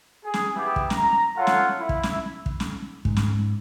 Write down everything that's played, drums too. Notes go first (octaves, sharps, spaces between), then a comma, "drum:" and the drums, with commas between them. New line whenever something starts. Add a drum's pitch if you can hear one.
G#4
drum: snare
B3 E4 G4
drum: kick
A#5, drum: snare
F4 A4 C#5 F5 F#5
drum: snare
E4
drum: kick
drum: snare
drum: kick
drum: snare
G#2, drum: kick
drum: snare